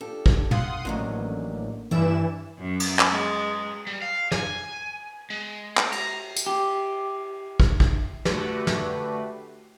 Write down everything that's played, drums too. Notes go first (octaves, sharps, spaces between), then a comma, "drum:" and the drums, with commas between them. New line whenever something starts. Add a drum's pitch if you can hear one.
D4 F4 G4 A4
drum: kick
F5 F#5 C6 D#6, drum: tom
A1 D#3 F#3 A3 A#3 D4
G2 E3 E4 D5 E5 E7
F#2
drum: cymbal
drum: clap
G#3
G3
F5
G#5, drum: snare
G#3
drum: clap
A#5, drum: cymbal
drum: tambourine
G4
drum: kick
drum: kick
D3 A3 F#4 G4 B4, drum: snare
drum: snare